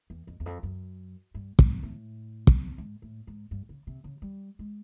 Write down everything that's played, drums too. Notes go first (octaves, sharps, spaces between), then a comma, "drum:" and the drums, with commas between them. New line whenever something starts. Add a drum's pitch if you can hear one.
E2
F2
E2
F2
F#2
G2
G#2, drum: kick
A2
drum: kick
G#2
A2
G#2
G2
C#3
C3
C#3
G3
G#3